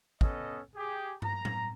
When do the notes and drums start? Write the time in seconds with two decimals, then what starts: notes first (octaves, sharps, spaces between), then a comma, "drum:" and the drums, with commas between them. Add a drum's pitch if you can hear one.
0.21 B3 C#4 A4 D#5, drum: kick
0.75 G4 G#4
1.22 A#5, drum: tom
1.45 drum: tom A2